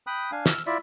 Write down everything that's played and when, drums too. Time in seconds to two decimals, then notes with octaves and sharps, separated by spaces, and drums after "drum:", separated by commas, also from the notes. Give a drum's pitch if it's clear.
0.07 G5 B5 D#6 F#6
0.32 D4 F5 G#5
0.46 E6 F6, drum: snare
0.67 E4 F4 D5 E5